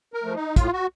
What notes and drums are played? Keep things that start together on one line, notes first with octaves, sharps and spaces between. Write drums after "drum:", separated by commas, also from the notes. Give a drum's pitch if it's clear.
A#4
F3 A3
D#4
A2 F4, drum: kick, hi-hat
F#4